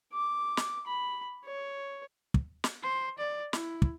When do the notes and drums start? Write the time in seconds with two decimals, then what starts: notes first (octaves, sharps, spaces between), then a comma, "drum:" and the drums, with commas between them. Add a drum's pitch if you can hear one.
0.13 D6
0.57 drum: snare
0.87 B5
1.46 C#5
2.34 drum: kick
2.64 drum: snare
2.83 C5
3.18 D5
3.53 E4, drum: snare
3.82 drum: kick